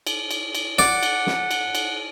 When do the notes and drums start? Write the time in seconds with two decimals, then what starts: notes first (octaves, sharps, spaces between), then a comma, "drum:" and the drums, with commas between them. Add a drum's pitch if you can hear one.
0.07 drum: cymbal
0.31 drum: cymbal
0.55 drum: cymbal
0.79 D5 F#5, drum: snare
1.03 drum: cymbal
1.27 drum: snare
1.51 drum: cymbal
1.75 drum: cymbal